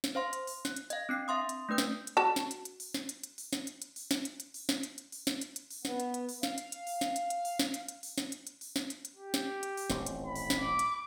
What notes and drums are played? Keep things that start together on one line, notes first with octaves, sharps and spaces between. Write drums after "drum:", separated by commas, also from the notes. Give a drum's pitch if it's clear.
drum: snare
C5 F5 C6
drum: hi-hat
drum: open hi-hat
F#6, drum: snare
drum: hi-hat
D#5 F5, drum: hi-hat
C4 D4 C7
E5 F5 C6 D#6
drum: hi-hat
A3 D4 B4 G6
drum: snare
drum: hi-hat
F#4 A5
drum: snare
drum: hi-hat
drum: hi-hat
drum: open hi-hat
drum: snare
drum: hi-hat
drum: hi-hat
drum: open hi-hat
drum: snare
drum: hi-hat
drum: hi-hat
drum: open hi-hat
drum: snare
drum: hi-hat
drum: hi-hat
drum: open hi-hat
drum: snare
drum: hi-hat
drum: hi-hat
drum: open hi-hat
drum: snare
drum: hi-hat
drum: hi-hat
drum: open hi-hat
B3, drum: snare
drum: hi-hat
drum: hi-hat
drum: open hi-hat
F5, drum: snare
drum: hi-hat
drum: hi-hat
drum: open hi-hat
drum: snare
drum: hi-hat
drum: hi-hat
drum: open hi-hat
drum: snare
drum: hi-hat
drum: hi-hat
drum: open hi-hat
drum: snare
drum: hi-hat
drum: hi-hat
drum: open hi-hat
drum: snare
drum: hi-hat
drum: hi-hat
G4
drum: snare
drum: hi-hat
drum: open hi-hat
D#1 A1 C4, drum: snare
drum: hi-hat
B5
drum: open hi-hat
drum: snare
D6
drum: hi-hat